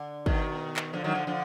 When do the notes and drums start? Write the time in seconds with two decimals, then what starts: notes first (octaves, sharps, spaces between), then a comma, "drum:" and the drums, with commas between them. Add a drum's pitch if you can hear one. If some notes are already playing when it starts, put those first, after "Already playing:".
Already playing: D3
0.26 B2 D#3, drum: kick
0.76 drum: clap
0.93 D3 F3
1.04 D#3 F#3
1.15 D3 F3
1.27 D3 F3